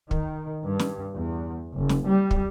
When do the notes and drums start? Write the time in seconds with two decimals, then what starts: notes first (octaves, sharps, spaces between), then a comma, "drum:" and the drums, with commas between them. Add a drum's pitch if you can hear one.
0.11 D#3, drum: kick
0.64 G2
0.79 drum: snare
1.14 E2
1.76 F#1
1.89 drum: snare
2.07 G3
2.31 drum: kick